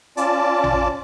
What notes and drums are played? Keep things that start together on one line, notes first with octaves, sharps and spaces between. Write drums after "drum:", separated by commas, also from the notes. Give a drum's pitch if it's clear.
C#4 F4 D5 A5 D6, drum: hi-hat
drum: tom A1